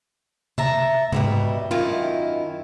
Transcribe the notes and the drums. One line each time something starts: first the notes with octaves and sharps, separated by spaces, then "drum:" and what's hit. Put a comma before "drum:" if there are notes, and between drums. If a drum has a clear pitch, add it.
E5 A5 A#5, drum: tom C3
G#2 B2 G3 E5, drum: tom C3
F#2 D#3 E4 F4